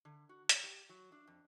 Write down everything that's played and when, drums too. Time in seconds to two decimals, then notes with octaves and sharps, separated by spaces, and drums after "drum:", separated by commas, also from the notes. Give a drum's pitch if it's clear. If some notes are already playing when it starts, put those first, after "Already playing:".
0.05 D3
0.29 F#4
0.49 C#5, drum: hi-hat
0.64 G4
0.89 F#3
1.12 D4
1.27 F2